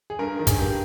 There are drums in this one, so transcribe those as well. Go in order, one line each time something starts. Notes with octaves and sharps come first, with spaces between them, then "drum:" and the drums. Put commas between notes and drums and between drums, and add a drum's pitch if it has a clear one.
G#4
G2 A#4
D#3
G#4, drum: kick, hi-hat
G2 G4